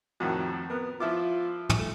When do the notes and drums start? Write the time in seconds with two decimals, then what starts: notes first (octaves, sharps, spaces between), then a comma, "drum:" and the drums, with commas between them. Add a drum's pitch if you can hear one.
0.20 F2 A2 D#3 F#4
0.70 B3 A#4
1.00 F3 E4 F4 D6
1.69 drum: tom
1.79 A3